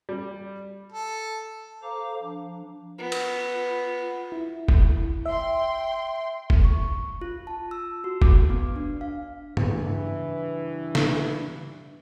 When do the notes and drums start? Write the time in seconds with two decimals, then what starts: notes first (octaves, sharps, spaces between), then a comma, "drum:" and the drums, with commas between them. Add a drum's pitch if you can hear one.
0.09 G3
0.92 A4
1.83 A4 C5 F5 A#5 D6
2.22 F3 D4
2.99 B3 F4
3.12 drum: cymbal
4.32 E4
4.68 drum: kick F1
5.26 E5 G5 C6
6.50 drum: kick F1
6.65 C#6
7.21 F4
7.47 A5
7.71 E6
8.04 F#4
8.22 D6, drum: kick F1
8.50 B3
8.76 D4
9.01 F5
9.57 G2 C#3 E3, drum: tom G2
10.95 drum: snare